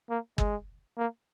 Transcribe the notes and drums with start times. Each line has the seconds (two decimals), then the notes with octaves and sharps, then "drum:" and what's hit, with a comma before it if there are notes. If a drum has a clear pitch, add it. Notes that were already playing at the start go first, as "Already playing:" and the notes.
0.10 A#3
0.38 G#3, drum: kick G1
0.98 A#3